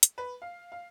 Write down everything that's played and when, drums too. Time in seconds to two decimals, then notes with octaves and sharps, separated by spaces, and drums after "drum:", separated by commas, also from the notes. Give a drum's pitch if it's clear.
0.03 drum: hi-hat
0.18 B4
0.42 F5
0.72 F5